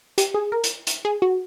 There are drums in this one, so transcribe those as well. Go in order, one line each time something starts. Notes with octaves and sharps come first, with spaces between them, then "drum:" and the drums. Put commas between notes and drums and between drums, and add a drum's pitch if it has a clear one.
G4, drum: hi-hat
G#4
A#4
drum: hi-hat
drum: hi-hat
G#4
F#4